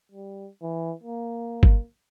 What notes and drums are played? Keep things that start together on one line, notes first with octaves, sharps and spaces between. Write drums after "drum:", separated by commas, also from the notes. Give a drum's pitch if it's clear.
G3
E3
A#3
drum: kick G1